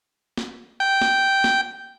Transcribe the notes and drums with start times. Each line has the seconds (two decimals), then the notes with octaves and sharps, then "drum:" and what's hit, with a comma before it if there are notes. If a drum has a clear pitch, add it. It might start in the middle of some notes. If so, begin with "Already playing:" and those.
0.38 drum: snare
0.80 G5
1.02 drum: snare
1.44 drum: snare